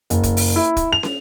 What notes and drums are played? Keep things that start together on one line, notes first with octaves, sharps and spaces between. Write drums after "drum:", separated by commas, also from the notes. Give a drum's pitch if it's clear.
F#1, drum: hi-hat
drum: kick, hi-hat
drum: open hi-hat
E4
drum: kick, hi-hat
F7
drum: snare